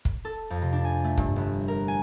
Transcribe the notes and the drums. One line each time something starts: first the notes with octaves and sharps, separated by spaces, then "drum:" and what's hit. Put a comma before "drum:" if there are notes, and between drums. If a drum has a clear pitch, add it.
drum: kick
A4
F2
C3
D4
G#5
A3
G2, drum: kick
G1
A#4
G#5